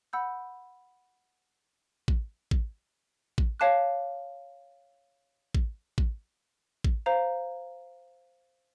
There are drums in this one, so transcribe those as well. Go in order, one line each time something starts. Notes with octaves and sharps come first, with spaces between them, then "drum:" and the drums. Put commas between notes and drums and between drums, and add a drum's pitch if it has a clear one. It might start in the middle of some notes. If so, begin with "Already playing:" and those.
F#5 B5 E6 G6
drum: kick A1
drum: kick A1
drum: kick A1
C#5 F5 A5 D6 F#6
drum: kick A1
drum: kick A1
drum: kick A1
C5 F5 A#5